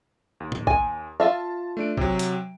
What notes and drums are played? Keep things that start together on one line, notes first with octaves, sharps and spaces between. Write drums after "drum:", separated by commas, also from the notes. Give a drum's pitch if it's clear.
D#2
drum: tom A2
G#5, drum: kick
F4 E5 F5 A5
A3 D4 D7
C3 F#3, drum: kick
drum: hi-hat